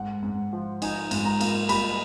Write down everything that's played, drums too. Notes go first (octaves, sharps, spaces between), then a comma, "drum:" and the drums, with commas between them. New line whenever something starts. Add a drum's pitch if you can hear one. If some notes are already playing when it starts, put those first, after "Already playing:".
Already playing: G#2 F#5
G#2
F3
D#4 G#5, drum: cymbal
G#2, drum: cymbal
A#5
A#3, drum: cymbal
G3 B5, drum: cymbal